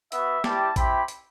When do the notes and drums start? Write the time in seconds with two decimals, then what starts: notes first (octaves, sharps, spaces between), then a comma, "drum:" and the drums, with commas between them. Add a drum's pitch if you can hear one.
0.12 B3 F#4 E5, drum: hi-hat
0.44 G3 C4 E4 G4 A5, drum: snare
0.76 C4 E4 G4 B5, drum: kick A1, hi-hat
1.08 drum: hi-hat